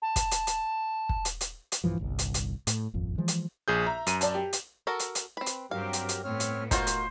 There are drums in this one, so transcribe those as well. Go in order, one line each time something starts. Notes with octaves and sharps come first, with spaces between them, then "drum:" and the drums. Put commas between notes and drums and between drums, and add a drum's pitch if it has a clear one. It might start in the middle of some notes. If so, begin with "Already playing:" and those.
A5
drum: kick, hi-hat
drum: hi-hat
drum: hi-hat
drum: kick
drum: hi-hat
drum: hi-hat
drum: hi-hat
B1 G2 E3 F3
G1 C2
drum: hi-hat
drum: hi-hat
A2, drum: hi-hat
D#1 G#1 F2
E3 F3 G#3
drum: hi-hat
A#1 G#4 G6
E5 A#5
F#2 D#7, drum: hi-hat
D5 A5, drum: hi-hat
G4
drum: hi-hat
F#4 A4 A#4
drum: hi-hat
drum: hi-hat
C4 B4
drum: hi-hat
G2 F#3 C4 G4 A#4 F5
drum: hi-hat
drum: hi-hat
A2 B3 C4 C#5 F6
drum: hi-hat
D#4 F4 F#4 A#4 C5, drum: kick, hi-hat
drum: hi-hat